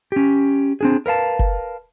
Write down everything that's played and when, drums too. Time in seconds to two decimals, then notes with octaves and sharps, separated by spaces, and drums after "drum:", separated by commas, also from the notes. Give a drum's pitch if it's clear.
0.12 C#4 G4
0.81 C4 D4 G#4
1.06 A#4 B4 F5 A5
1.39 drum: kick F#1